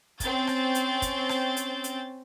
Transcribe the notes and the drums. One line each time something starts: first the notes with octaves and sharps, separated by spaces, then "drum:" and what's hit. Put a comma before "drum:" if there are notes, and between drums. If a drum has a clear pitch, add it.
C4 C#4 G6 A6, drum: kick, hi-hat
drum: rim click
drum: hi-hat
drum: kick, hi-hat
drum: rim click
drum: hi-hat
drum: hi-hat